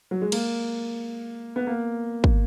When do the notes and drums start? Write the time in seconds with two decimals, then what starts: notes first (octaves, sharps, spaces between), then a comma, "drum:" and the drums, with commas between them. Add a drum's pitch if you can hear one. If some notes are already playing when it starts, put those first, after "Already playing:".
0.11 F#3
0.22 G#3
0.32 A#3, drum: cymbal
1.56 B3
1.67 A#3
2.24 drum: kick